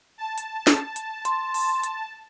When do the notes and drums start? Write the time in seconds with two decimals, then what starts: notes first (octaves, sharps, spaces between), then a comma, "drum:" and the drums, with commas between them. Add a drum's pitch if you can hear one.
0.18 A5
0.38 drum: hi-hat
0.67 drum: snare
0.96 drum: hi-hat
1.25 C6, drum: hi-hat
1.54 drum: open hi-hat
1.84 drum: hi-hat